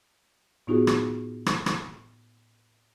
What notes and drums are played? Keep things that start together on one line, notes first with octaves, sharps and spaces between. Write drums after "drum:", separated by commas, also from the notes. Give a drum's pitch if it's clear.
A2 B3 D#4 F4 F#4 G#4
drum: rim click
drum: rim click
drum: rim click